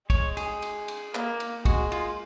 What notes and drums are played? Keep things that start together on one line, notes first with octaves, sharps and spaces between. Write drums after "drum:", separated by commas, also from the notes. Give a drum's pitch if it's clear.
G#3 C#5, drum: kick, cymbal
G#4, drum: cymbal
drum: cymbal
drum: cymbal
A#3, drum: clap
drum: cymbal
G#3 F#4, drum: kick, cymbal
F4, drum: cymbal